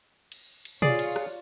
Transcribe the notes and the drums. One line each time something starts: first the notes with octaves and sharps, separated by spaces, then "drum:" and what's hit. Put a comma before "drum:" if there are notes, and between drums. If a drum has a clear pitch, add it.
drum: cymbal
drum: cymbal
F4 G#4 C#5 D5, drum: tom B2
drum: cymbal
drum: rim click